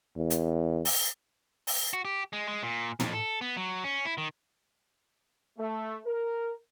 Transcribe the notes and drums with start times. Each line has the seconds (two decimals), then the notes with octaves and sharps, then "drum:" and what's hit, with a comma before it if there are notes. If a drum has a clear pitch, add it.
0.17 E2
0.30 drum: hi-hat
0.85 drum: open hi-hat
1.67 drum: open hi-hat
1.93 F#4
2.05 G4
2.33 G#3
2.48 G#3
2.63 A#2
3.00 F2, drum: tom
3.13 A4
3.41 B3
3.57 F#3
3.84 C#4
4.05 E4
4.18 D#3
5.58 A3
6.06 A#4